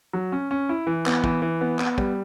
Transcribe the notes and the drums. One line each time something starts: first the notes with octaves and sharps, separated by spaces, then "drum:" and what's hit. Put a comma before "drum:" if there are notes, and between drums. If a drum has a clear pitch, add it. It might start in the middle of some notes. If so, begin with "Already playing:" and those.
F#3
C#4
C#4
E4
E3
B3, drum: clap
E3, drum: kick
E3
B3
B3, drum: clap
G3, drum: kick